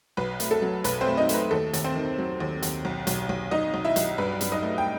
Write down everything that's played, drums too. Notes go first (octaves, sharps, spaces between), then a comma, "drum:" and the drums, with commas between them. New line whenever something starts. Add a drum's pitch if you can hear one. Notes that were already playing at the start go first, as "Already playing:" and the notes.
B1 B4
A3, drum: hi-hat
A4
F#3
B1 B4, drum: hi-hat
C4 C5
A3
D#4 D#5
A3, drum: hi-hat
B4
D#2 A4
D#2, drum: hi-hat
C4 C5
D#3
F#3
D#2
D#2, drum: hi-hat
B1
B1, drum: hi-hat
B1
B1 D#4 D#5
B1
E4 E5
B1, drum: hi-hat
G2 B4
G2, drum: hi-hat
D#4 D#5
A3
G5